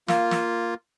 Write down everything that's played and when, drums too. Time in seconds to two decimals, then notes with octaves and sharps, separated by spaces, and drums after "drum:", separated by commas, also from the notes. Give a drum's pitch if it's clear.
0.08 A#3 F4, drum: snare
0.31 drum: snare